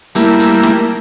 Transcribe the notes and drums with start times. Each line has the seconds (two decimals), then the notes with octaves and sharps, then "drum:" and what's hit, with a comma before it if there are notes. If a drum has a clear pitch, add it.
0.15 G3 A3 A#3 E4, drum: hi-hat
0.39 drum: hi-hat
0.63 drum: snare